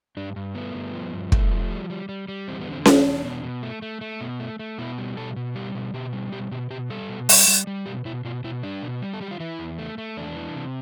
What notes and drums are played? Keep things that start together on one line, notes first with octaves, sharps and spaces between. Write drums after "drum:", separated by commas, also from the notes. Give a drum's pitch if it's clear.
G2 D4
G2
A3 B3
G2
F3
G2
A3, drum: kick
F3
G3
G3
G3
G3
E2 C4
B3
D3
C4
E2 D4, drum: snare C#4
E2
B2
B2
A3
A3
A3
B2
A3
A3
B2 E4
G3
B2 A4
B2
G3 G4
B2
B2 G4
G3
B2 G4
B2 G4
B2 G4
G3 A4
B2
G3, drum: open hi-hat
G3
G3
B2 G4
B2 E4
B2 F4
B2 E4
G3 D4
B2
G3
A4
G3 G4
F4
E3 E4
E2
A3
A3
E2 D4
E3
C3